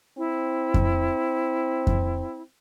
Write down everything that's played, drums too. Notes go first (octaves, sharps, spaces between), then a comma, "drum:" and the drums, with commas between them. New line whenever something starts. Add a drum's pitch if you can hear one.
C4 E4
drum: kick F2
drum: kick F2